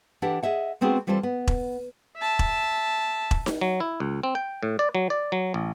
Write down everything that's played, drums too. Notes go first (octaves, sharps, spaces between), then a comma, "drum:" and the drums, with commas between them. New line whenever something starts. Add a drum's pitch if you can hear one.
E3 D4 G4 A4 F#5
G#4 D#5 E5 F#5
G#3 B3 C4 D4 F#4 G#4
E3 G3 C4 F4 A4 C5
B3
drum: kick E1
E5 A5
drum: kick E1
drum: kick E1
drum: snare D#4
F#3
E4
C#2
C4
G5
A2
D5
F#3
D5
F#3
A1